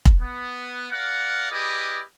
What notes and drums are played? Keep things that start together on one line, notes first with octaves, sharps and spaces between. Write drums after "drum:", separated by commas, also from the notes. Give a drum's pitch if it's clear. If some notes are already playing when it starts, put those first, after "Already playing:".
drum: kick
B3
A#4 D5 F5 F#5
E4 G4 G#4 B4 D5 D#5